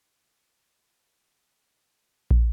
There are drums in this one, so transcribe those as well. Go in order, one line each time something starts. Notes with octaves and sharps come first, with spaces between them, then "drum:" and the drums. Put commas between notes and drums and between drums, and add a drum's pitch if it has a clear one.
F2 D4 D#4 F4
drum: kick